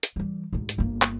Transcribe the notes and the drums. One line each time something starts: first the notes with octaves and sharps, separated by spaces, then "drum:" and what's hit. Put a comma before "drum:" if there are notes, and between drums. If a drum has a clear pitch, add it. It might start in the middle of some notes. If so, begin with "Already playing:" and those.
drum: hi-hat
E3 G3
D2 G#2
drum: hi-hat
G1 A#3
drum: clap